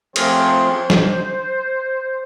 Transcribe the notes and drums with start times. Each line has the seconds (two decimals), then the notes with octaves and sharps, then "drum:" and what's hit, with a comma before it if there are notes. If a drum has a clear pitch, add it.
0.16 F3 A3 C4 F4 G#4 C5, drum: cymbal
0.90 drum: snare